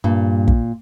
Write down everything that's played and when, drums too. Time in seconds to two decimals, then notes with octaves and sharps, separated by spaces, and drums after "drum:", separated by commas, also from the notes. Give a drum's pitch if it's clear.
0.04 G2 A#2
0.48 drum: kick